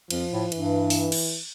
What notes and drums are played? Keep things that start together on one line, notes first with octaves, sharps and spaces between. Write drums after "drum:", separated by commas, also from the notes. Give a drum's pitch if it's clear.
F2 F3, drum: cymbal
A2
G2 E3, drum: cymbal
drum: open hi-hat
drum: cymbal